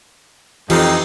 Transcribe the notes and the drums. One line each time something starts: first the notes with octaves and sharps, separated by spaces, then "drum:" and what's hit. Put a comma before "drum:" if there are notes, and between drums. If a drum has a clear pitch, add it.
F2 E3 D#4 G4, drum: cymbal